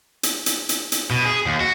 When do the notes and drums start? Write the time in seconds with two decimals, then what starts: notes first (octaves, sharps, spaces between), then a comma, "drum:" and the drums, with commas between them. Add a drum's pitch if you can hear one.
0.23 drum: hi-hat
0.46 drum: hi-hat
0.69 drum: hi-hat
0.92 drum: hi-hat
1.11 B2
1.25 G#4
1.46 D#2
1.60 F#4